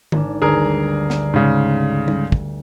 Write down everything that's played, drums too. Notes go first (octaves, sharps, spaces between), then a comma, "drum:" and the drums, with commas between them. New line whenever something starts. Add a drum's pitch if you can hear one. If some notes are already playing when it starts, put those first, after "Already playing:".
G#1 D4, drum: tom D3
G1 D2 D3 G#4 A#4
drum: snare
G#2 C#3
drum: tom G3
drum: kick